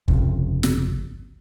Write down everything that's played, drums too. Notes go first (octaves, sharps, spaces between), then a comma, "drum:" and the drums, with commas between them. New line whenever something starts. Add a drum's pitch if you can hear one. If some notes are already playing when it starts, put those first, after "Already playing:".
G1 C2 F2 C#3, drum: kick
drum: snare